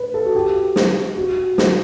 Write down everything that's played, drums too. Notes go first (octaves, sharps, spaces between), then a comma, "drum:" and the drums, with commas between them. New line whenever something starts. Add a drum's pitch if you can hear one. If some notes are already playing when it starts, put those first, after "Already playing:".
Already playing: B4
A4
F#4
G4
drum: snare
F#4
drum: snare